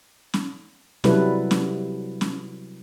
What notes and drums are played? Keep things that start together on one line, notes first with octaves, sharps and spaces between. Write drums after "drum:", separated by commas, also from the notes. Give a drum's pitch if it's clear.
drum: snare
C3 F#3 G3 E4 A4 B4, drum: snare
drum: snare
drum: snare